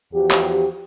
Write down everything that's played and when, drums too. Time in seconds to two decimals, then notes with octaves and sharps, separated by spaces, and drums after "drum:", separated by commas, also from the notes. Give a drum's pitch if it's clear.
0.13 E2 F3 F#4 G4
0.31 drum: clap